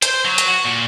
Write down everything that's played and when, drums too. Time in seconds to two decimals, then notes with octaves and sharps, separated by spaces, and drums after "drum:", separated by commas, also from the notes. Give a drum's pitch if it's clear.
0.02 C5, drum: hi-hat
0.25 F#3
0.38 drum: hi-hat
0.48 F#4
0.65 A#2